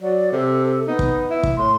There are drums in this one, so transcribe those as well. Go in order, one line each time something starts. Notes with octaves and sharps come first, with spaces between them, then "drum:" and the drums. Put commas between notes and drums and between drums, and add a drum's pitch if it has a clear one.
F#3 D5
C3 A4
B3 D#4
drum: kick
E4
drum: kick
A2 C6